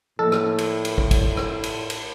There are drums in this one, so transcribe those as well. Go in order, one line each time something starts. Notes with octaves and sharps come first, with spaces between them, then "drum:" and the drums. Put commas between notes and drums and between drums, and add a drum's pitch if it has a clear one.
A2 F3 A#3 A4
drum: rim click
drum: cymbal
drum: cymbal
drum: kick
drum: kick, cymbal
drum: rim click
drum: cymbal
drum: cymbal